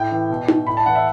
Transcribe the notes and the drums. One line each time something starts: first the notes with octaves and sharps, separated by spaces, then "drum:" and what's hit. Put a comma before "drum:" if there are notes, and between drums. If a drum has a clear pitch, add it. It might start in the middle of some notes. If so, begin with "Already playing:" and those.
Already playing: A2 G5
E3
B2
drum: tom D#4
A2 B5
A5
E3 F#5
E5